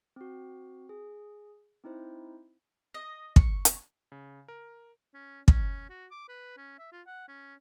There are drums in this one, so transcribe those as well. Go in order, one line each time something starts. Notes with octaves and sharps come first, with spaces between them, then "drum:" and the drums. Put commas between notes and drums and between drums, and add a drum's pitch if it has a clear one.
C4 F#4
G#4
C4 D#4 E4 C5
D#5
C#6, drum: kick
drum: hi-hat
C#3
A#4
C#4
C#4, drum: kick
F#4
D6
B4
C#4
E5
F4
F#5
C#4